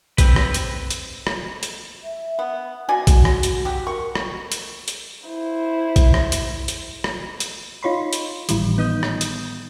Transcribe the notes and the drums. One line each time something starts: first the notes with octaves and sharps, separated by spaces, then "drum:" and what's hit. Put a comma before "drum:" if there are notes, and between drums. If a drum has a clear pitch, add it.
C4 B4, drum: kick, hi-hat
drum: rim click
drum: hi-hat
drum: hi-hat
drum: rim click
drum: hi-hat
E5
B3
B2 F#4 D5 G#5
drum: kick, hi-hat
drum: rim click
drum: hi-hat
F#3 G4
A#4 C#6
drum: rim click
drum: hi-hat
drum: hi-hat
E4 C5
drum: kick, hi-hat
drum: rim click
drum: hi-hat
drum: hi-hat
drum: rim click
drum: hi-hat
D#4 F4 C#5 B5 C6
drum: hi-hat
G#1 A2 D#3 E3 G3, drum: hi-hat
B3 D#4 D#6 G6
drum: rim click
drum: hi-hat